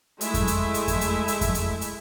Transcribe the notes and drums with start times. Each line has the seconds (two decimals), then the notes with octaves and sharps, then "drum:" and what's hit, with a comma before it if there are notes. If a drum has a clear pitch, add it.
0.21 G#3 A3 E4 E5, drum: hi-hat
0.34 drum: kick F2, hi-hat
0.47 drum: hi-hat
0.74 drum: hi-hat
0.88 drum: kick F2, hi-hat
1.01 drum: hi-hat
1.28 drum: hi-hat
1.41 drum: kick F2, hi-hat
1.55 drum: hi-hat
1.81 drum: hi-hat